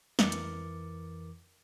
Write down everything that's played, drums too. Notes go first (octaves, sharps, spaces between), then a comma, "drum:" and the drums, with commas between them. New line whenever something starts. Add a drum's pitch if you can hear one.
F2 E3 A#4 D6 A6 C#7, drum: snare
drum: hi-hat